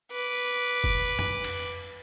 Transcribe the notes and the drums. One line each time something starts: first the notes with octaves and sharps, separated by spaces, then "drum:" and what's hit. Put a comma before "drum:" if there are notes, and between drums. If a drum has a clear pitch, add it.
B4 D6
drum: kick
drum: tom F2
drum: cymbal